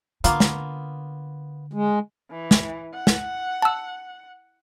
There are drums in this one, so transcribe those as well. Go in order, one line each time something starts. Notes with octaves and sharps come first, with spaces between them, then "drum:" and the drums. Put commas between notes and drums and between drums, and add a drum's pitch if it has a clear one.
D3 A#3 B3 F4, drum: hi-hat
drum: snare
G#3
E3
drum: snare
F#5
drum: snare
A5 E6